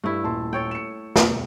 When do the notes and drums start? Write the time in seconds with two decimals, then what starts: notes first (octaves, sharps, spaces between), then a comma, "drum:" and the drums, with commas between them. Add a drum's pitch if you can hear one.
0.04 G2 A3 E4
0.24 D#1 A5 C6
0.53 A4 C#5 G5
0.71 C#7 E7
1.16 E1 C#2, drum: snare